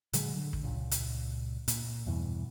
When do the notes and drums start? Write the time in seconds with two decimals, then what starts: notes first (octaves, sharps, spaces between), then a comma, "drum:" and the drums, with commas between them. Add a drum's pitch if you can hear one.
0.13 A#2 D3 F#3 G#3, drum: hi-hat
0.36 D3
0.53 drum: kick
0.63 C#2 A#2
0.91 drum: hi-hat
1.68 A#2, drum: hi-hat
2.06 E2 G2 B2 E3